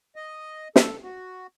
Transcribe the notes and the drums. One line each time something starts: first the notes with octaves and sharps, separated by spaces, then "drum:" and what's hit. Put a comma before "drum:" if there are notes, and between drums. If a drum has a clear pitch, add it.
D#5
A4, drum: snare
F#4